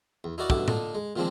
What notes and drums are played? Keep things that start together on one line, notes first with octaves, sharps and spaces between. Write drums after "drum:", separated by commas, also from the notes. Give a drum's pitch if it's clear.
E2
D#4 E4 F#4 A#4 D5
A1 G2 B2 D3 E4 D6, drum: kick
A#2 D3 D4 D#4, drum: tom A2
G#3
A#2 D#3 F3 G#3 C4 D4